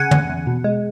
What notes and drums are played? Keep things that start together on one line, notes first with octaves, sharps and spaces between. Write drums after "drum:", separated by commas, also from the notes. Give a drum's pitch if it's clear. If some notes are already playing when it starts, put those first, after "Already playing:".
Already playing: C#3 F#5 G#5
E2, drum: tom
E2
B2
G#3